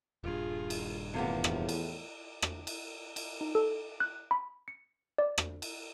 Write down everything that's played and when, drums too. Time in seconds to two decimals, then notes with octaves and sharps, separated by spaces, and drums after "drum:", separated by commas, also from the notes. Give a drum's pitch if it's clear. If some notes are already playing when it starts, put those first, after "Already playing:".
0.24 D#1 G2 F4 G#4
0.70 drum: cymbal
1.14 E2 A2 C3 F3 A#3 B3
1.44 drum: rim click
1.69 drum: cymbal
2.42 drum: rim click
2.67 drum: cymbal
3.16 drum: cymbal
3.41 D#4
3.55 A4
4.00 F#6
4.31 B5
4.68 C#7
5.18 D5
5.38 drum: rim click
5.62 drum: cymbal